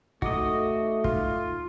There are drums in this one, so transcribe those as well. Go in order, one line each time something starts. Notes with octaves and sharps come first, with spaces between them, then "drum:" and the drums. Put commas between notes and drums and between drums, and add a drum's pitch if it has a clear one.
A3 D#4 F#4 D#5 D6, drum: kick
F4, drum: kick